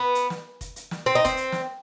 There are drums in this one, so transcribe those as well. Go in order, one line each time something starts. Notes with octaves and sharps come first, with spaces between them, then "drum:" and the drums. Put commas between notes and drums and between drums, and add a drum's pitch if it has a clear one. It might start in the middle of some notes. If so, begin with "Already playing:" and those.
Already playing: B3
drum: hi-hat
drum: snare
drum: kick F1, hi-hat
drum: hi-hat
drum: snare
C4
D#4
C4, drum: kick F1, hi-hat
drum: hi-hat
drum: snare